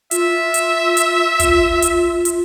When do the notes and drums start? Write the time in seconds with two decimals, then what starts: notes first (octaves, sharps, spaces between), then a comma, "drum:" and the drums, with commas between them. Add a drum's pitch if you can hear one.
0.11 F4 E5, drum: hi-hat
0.54 drum: hi-hat
0.97 drum: hi-hat
1.40 drum: kick, hi-hat
1.82 drum: hi-hat
2.25 drum: hi-hat